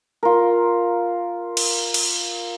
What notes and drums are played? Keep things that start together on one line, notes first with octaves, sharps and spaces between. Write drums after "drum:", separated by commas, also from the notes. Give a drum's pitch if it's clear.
F4 A#4
drum: cymbal
drum: cymbal